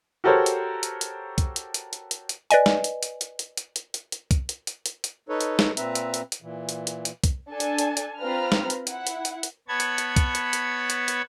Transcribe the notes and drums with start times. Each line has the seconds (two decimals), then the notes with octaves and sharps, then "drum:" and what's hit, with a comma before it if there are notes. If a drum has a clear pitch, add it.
0.24 F#4 G4 A4 A#4 C5 C#5
0.46 drum: hi-hat
0.83 drum: hi-hat
1.01 drum: hi-hat
1.38 drum: kick C2, hi-hat
1.56 drum: hi-hat
1.74 drum: hi-hat
1.93 drum: hi-hat
2.11 drum: hi-hat
2.29 drum: hi-hat
2.51 B4 D5 D#5 G#5, drum: hi-hat
2.66 drum: snare
2.84 drum: hi-hat
3.03 drum: hi-hat
3.21 drum: hi-hat
3.39 drum: hi-hat
3.57 drum: hi-hat
3.76 drum: hi-hat
3.94 drum: hi-hat
4.12 drum: hi-hat
4.31 drum: kick C2, hi-hat
4.49 drum: hi-hat
4.67 drum: hi-hat
4.86 drum: hi-hat
5.04 drum: hi-hat
5.29 D#4 A4 B4 C#5
5.40 drum: hi-hat
5.59 drum: snare
5.77 A#2 C4 B4 E5 A#5, drum: hi-hat
5.95 drum: hi-hat
6.14 drum: hi-hat
6.32 drum: hi-hat
6.42 A#2 E3
6.69 drum: hi-hat
6.87 drum: hi-hat
7.05 drum: hi-hat
7.24 drum: kick C2, hi-hat
7.49 D4 A4 G#5 A5
7.60 drum: hi-hat
7.78 drum: hi-hat
7.97 drum: hi-hat
8.19 C4 F4 B4 A#5 B5 F6
8.52 drum: snare
8.70 drum: hi-hat
8.87 E4 F#5, drum: hi-hat
9.07 drum: hi-hat
9.25 drum: hi-hat
9.43 drum: hi-hat
9.68 B3 C#5 A5 B5 G#6
9.80 drum: hi-hat
9.98 drum: hi-hat
10.16 drum: kick C2, hi-hat
10.35 drum: hi-hat
10.53 drum: hi-hat
10.90 drum: hi-hat
11.08 drum: hi-hat